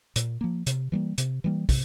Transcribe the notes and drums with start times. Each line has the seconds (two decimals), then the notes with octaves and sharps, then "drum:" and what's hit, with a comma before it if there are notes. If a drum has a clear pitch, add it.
0.16 A#2, drum: hi-hat
0.41 F3 A#3
0.66 C3, drum: hi-hat
0.92 E3 G3 A#3
1.18 C3, drum: hi-hat
1.44 E3 G3 A#3
1.69 C3, drum: kick, open hi-hat